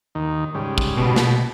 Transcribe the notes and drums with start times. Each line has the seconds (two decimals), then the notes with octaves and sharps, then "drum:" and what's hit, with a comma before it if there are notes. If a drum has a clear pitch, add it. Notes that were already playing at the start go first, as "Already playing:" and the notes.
0.15 D#2 D#3
0.55 G#2 C#3 G3
0.78 drum: kick
0.97 B2
1.16 drum: snare